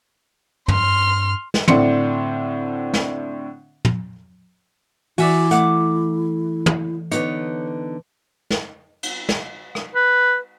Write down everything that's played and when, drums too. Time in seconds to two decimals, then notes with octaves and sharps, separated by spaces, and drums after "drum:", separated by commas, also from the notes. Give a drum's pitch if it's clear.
0.68 G2 C6 F6, drum: tom
1.54 drum: snare
1.68 A2 D3 C4 D4 C6 C#7, drum: tom
2.93 drum: snare
3.85 drum: tom
5.18 E3 E4 F#4 D5 E5 G#5, drum: open hi-hat
5.51 A3 F#5 D6, drum: hi-hat
6.66 drum: tom
7.11 D3 B3 D#4 C#5, drum: hi-hat
8.50 drum: snare
9.03 drum: cymbal
9.29 drum: snare
9.75 drum: rim click
9.95 B4